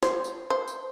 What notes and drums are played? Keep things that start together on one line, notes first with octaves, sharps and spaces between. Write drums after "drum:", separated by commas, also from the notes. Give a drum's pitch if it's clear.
C5, drum: snare
drum: tambourine
C5
drum: tambourine